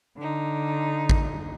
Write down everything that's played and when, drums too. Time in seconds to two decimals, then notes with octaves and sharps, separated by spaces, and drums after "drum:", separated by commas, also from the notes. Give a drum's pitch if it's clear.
0.17 D3 D#4
1.09 drum: kick